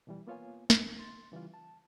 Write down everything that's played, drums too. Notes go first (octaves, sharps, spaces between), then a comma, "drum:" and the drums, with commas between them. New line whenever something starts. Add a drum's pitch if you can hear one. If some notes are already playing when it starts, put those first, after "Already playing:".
B2 E3 G3
A#3 B3 F4 C#5 F5 G#5
D#4, drum: snare
C6 A6
C#3 E3 G3 F4
A5